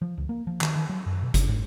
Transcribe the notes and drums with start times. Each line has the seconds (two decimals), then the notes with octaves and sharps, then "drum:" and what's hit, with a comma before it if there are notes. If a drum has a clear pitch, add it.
0.02 F3
0.17 C#2
0.29 A#3
0.47 F3
0.61 D#3, drum: clap
0.76 D#3
0.89 F#3
1.06 F#2
1.22 B2
1.34 C#3, drum: kick G1, hi-hat
1.49 G#2